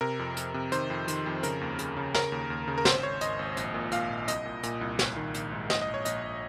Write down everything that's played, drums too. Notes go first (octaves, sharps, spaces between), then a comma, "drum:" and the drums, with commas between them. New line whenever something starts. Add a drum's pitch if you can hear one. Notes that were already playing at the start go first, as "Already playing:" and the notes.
C3 A#4
F2
F2, drum: hi-hat
C3
D#3 C5, drum: hi-hat
F2
D#3, drum: hi-hat
F2
C#3 A#4, drum: hi-hat
D#2
C#3, drum: hi-hat
C#3
C#3 A#4, drum: snare
D#2
D#2
C#3
A#4
G#1 C5, drum: snare
G#1 C#5
G#1 D#5, drum: hi-hat
G#1
A#1, drum: hi-hat
A#2
A#2 F5, drum: hi-hat
A#1
C2 D#5, drum: hi-hat
A#2
A#2, drum: hi-hat
C2
A#1, drum: snare
D#3
A#1, drum: hi-hat
G#2
A#1 D#5, drum: snare
D#5
A#1
C#5
A#1 D#5, drum: hi-hat
A#1